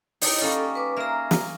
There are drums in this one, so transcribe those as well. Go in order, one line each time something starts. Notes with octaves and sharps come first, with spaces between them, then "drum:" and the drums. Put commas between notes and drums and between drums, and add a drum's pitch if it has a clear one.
D#4 E4 G4 C#5 D5 D#6, drum: open hi-hat
G3 A#3 C#4 A4
B4 D6
A#3 G#4 A#4 E5 A#5
drum: snare